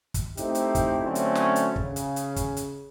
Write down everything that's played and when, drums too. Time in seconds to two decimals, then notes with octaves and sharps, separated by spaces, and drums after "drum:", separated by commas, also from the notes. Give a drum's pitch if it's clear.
0.14 drum: kick, hi-hat
0.37 A3 C4 D#4 E4 G4, drum: hi-hat
0.55 drum: hi-hat
0.75 drum: kick, hi-hat
1.04 D3 F#3 A3 C4 C#4
1.15 drum: hi-hat
1.35 drum: snare
1.56 drum: hi-hat
1.76 C#3, drum: kick
1.96 drum: hi-hat
2.16 drum: hi-hat
2.36 drum: kick, hi-hat
2.57 drum: hi-hat